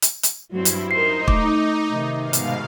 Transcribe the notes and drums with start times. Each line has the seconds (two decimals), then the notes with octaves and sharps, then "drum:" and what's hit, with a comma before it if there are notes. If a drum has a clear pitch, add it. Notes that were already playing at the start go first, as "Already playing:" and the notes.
0.02 drum: hi-hat
0.23 drum: hi-hat
0.51 G2 F#3 C4 E4
0.65 drum: hi-hat
0.91 D#4 A#4 C5 C7
1.28 A3 D6, drum: kick
1.91 C3 D#3
2.20 G#2 B2 F5
2.33 drum: hi-hat